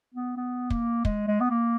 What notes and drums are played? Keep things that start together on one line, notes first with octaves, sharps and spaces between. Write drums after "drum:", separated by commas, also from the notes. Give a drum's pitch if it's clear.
B3
B3
A#3, drum: kick
G#3, drum: kick
G#3
B3
A#3